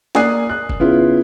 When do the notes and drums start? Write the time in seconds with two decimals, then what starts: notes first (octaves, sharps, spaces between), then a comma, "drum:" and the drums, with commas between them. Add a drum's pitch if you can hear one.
0.15 A#3 D5 G#5 D#6 F#6 C7, drum: snare
0.49 F#6
0.70 drum: kick F#1
0.80 C#3 B3 E4 F4